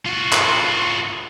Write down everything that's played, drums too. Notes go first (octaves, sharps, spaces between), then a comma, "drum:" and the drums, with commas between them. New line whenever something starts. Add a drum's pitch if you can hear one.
F4 F#4
drum: clap